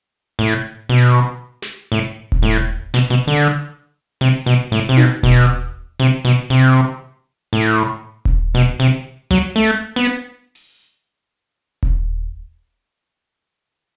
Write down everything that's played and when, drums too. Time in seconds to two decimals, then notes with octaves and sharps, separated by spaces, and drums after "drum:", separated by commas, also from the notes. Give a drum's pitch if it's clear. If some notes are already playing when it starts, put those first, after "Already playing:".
0.39 A2
0.89 B2
1.62 drum: snare
1.92 A2
2.32 drum: kick D#1
2.42 A2
2.94 B2, drum: snare
3.10 B2
3.27 D3
4.21 C3, drum: open hi-hat
4.46 B2
4.72 A2, drum: hi-hat
4.89 C3
4.97 B2, drum: tom D#4
5.23 B2, drum: kick D#1
6.00 C3
6.25 B2
6.50 C3
7.53 A2
8.25 drum: kick D#1
8.55 B2
8.80 C3
9.31 F#3, drum: tom C2
9.56 A3
9.96 B3
10.55 drum: open hi-hat
11.83 drum: kick D#1